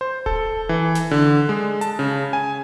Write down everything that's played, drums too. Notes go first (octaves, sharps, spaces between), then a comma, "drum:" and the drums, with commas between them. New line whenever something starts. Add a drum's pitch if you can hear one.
C5
A4, drum: kick D1
E3
drum: snare
D3
G#3
A5, drum: hi-hat
C#3
G#5